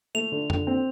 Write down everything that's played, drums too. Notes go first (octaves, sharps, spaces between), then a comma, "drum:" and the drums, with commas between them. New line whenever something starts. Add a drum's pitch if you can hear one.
A3 F7
D3
D3, drum: tom F2
C4